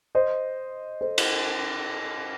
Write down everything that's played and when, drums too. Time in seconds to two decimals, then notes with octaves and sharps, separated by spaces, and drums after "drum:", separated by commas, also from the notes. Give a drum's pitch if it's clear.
0.15 C5 D#5
1.01 A4 C5
1.18 drum: cymbal